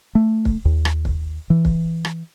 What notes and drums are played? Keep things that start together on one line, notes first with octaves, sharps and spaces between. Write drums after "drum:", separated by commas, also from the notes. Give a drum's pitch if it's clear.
A3
drum: kick
D#2
drum: rim click
drum: kick
E3
drum: kick
drum: rim click